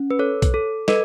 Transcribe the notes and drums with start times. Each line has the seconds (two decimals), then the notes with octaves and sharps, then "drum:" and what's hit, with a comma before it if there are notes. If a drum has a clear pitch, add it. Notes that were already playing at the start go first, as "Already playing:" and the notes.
Already playing: C#4
0.11 B4
0.19 A4 C#5
0.42 drum: kick B1, hi-hat
0.54 A4
0.88 A4 B4 D#5, drum: snare